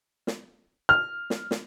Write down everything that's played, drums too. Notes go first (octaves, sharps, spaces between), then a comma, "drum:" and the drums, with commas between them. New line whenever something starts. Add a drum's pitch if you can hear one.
drum: snare
F6
drum: snare
drum: snare